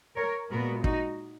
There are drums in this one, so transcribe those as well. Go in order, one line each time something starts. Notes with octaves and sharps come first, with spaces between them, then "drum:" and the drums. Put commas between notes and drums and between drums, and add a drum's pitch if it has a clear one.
A#4 C#5
A#2 G#3 B3 F#4 A#4
D#4 F#4, drum: kick